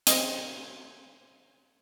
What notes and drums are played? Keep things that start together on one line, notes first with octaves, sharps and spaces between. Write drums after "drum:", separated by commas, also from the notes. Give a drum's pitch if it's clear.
C4 D#5, drum: hi-hat